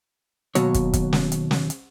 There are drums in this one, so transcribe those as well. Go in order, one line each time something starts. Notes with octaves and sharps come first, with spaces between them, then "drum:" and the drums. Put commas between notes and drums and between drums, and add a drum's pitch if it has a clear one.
D#2 B2 F#3 C#5, drum: hi-hat
drum: kick, hi-hat
drum: kick, hi-hat
drum: snare
drum: hi-hat
drum: snare
drum: hi-hat